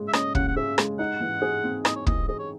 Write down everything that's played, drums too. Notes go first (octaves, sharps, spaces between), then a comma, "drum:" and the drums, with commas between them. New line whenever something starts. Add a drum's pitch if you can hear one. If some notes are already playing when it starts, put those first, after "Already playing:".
Already playing: C#3 G#3 G#4
E5
C#4 D#5, drum: rim click
C#3 F#5, drum: kick
F#5
G#4 E5
G#3, drum: rim click
D#4 F#5
E3
G#4
C4
D#4 D#5, drum: rim click
C#5
E3 D#5, drum: kick
G#4 D#5
C#5